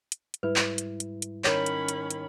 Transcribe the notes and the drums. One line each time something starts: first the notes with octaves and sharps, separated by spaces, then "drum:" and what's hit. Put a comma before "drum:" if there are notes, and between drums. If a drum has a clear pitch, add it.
drum: hi-hat
drum: hi-hat
G#2 G3 E4 B4
drum: clap
drum: hi-hat
drum: hi-hat
drum: hi-hat
D#3 C#4 C#5 B5, drum: clap
drum: hi-hat
drum: hi-hat
drum: hi-hat